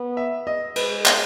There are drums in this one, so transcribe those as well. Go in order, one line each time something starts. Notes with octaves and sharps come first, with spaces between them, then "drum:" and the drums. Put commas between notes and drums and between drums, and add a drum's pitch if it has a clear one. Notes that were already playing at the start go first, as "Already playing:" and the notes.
Already playing: B3
E5
D#5
G#3 B4, drum: cymbal
drum: clap